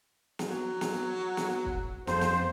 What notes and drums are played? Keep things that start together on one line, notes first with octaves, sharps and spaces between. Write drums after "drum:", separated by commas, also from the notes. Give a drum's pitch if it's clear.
drum: snare
F#3
drum: snare
drum: snare
drum: kick
F2 C5, drum: snare
drum: snare